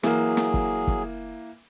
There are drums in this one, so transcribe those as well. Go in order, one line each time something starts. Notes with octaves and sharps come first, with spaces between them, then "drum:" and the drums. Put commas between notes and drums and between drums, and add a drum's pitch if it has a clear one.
E3 F#3 A#3 G#4, drum: snare
drum: snare
drum: kick
drum: kick